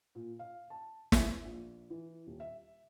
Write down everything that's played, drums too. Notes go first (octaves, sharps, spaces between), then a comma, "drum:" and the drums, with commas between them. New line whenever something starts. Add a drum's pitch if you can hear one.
A#2
F5
A5
E5, drum: snare
A#1
E3
D#1
E5